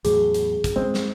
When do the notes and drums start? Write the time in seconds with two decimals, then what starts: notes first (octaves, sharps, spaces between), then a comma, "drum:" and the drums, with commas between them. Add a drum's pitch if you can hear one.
0.05 E2 A2 F#3 G#4, drum: hi-hat
0.34 drum: hi-hat
0.64 drum: kick, hi-hat
0.76 G#3 C4
0.94 drum: snare